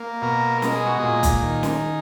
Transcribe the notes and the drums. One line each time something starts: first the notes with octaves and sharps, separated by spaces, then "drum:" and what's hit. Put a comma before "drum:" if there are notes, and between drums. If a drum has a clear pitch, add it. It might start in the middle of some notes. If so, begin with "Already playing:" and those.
Already playing: A#3
B2 A#4
G#3 A#4, drum: snare
G#4
F#4
A#2 G#4
drum: kick, hi-hat
D#3
drum: snare